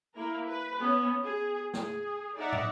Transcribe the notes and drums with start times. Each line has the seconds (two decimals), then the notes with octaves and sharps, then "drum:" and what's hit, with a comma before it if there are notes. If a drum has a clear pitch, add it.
0.15 A#3 E4 A#4
0.47 B4
0.78 B3 C#4
1.23 G#4
1.74 G#4, drum: snare
2.36 D#4 D5 E5 F#5 A#5
2.53 drum: tom